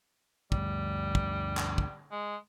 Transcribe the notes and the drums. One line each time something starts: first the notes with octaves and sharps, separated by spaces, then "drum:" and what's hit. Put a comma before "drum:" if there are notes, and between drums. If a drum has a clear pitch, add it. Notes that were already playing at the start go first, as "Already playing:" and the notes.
D2 G2 G3, drum: kick
drum: kick
drum: clap
drum: kick
G#3